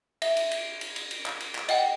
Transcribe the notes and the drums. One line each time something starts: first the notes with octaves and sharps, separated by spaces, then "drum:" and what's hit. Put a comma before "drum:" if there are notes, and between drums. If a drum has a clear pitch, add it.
E5, drum: cymbal
drum: cymbal
drum: cymbal
drum: cymbal
drum: cymbal
drum: cymbal
drum: clap
drum: cymbal
drum: clap
D#5 F#5 G5, drum: cymbal